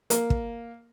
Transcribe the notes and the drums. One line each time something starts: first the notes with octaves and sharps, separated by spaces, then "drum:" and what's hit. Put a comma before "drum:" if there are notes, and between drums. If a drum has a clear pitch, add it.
A#3, drum: hi-hat
drum: kick